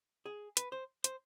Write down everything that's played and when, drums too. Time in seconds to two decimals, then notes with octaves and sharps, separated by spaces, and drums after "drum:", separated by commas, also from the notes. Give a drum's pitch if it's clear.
0.26 G#4
0.57 B4, drum: hi-hat
0.72 C5
1.04 C5, drum: hi-hat